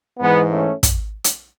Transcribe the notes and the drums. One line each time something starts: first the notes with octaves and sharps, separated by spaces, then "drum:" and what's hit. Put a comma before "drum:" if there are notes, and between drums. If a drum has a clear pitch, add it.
G#2 E3 G#3 B3
A3 C#4
drum: kick, hi-hat
drum: hi-hat